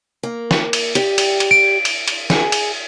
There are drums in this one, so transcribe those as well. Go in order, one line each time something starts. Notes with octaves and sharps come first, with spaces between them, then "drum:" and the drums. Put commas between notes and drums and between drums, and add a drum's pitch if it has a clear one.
A#3
drum: snare
drum: cymbal
G4 D5, drum: cymbal
drum: cymbal
drum: cymbal
D7
drum: cymbal
drum: cymbal
G#4, drum: snare
drum: cymbal